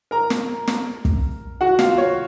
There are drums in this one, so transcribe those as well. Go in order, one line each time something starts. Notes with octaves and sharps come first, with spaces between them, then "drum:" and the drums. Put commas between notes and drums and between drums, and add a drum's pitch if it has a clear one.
A#4 A#5
drum: snare
drum: snare
drum: kick
F#4 F#5
F4 F5, drum: snare
C#5